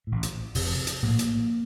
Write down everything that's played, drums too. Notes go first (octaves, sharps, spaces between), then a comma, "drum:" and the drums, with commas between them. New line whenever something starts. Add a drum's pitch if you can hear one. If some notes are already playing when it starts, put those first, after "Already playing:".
A1 A2
drum: hi-hat
F1 F2 C3, drum: open hi-hat
drum: hi-hat
A#1 A2 A#3
drum: hi-hat